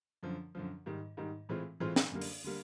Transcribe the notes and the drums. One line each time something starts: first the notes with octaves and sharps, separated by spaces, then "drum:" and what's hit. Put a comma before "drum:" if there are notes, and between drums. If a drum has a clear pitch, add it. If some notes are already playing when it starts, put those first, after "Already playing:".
F#2 D3 F3
F#2 D3 F3
G#2 D#3 G3
G#2 D#3 G3
A2 E3 G#3 C4 F4
A2 E3 G#3 C4 F4
drum: snare
F#2 D3 G3 A#3
drum: open hi-hat
D3 G3 A#3